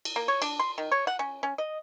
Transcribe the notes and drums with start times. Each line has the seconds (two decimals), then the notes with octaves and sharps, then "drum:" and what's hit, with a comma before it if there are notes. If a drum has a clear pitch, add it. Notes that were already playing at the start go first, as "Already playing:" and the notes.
0.05 drum: cymbal
0.16 A#3
0.28 C#5
0.42 D4, drum: cymbal
0.59 C6
0.78 D#3
0.92 C#5
1.07 F#5
1.19 C#4
1.43 C#4
1.58 D#5